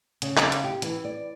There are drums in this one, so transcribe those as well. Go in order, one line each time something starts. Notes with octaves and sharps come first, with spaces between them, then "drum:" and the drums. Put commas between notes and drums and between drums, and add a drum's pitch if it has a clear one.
C#3, drum: hi-hat
drum: clap
drum: hi-hat
G4
E3, drum: hi-hat
D5